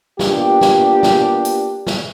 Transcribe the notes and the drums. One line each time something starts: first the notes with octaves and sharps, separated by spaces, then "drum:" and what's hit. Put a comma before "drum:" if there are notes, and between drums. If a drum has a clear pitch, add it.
A#3 B3 D4 F4 G4, drum: snare
drum: snare
drum: snare
drum: hi-hat
drum: snare